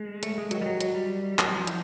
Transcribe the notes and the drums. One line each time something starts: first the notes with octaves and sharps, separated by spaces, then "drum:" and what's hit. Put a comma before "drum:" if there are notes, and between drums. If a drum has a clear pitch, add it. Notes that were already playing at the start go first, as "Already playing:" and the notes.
Already playing: G#3
A3, drum: hi-hat
G#3
F#3 F#4 A#4 D#5 G5, drum: hi-hat
G3
F#3
F#3, drum: hi-hat
G3
F#3, drum: clap
F3
E4, drum: hi-hat